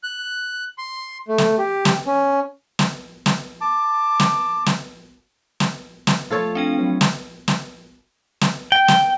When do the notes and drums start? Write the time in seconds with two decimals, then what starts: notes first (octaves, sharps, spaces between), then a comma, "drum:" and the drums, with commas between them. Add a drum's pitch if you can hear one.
0.03 F#6
0.78 C6
1.28 A3
1.38 drum: snare
1.58 G4
1.85 drum: snare
2.06 C#4
2.79 drum: snare
3.26 drum: snare
3.61 A5 D6
4.20 drum: snare
4.66 drum: snare
5.60 drum: snare
6.07 drum: snare
6.30 F3 A3 F4 A4 C#5
6.55 C4 D4 G5
6.78 F#3 B4
7.01 drum: snare
7.48 drum: snare
8.41 drum: snare
8.72 G5
8.88 drum: snare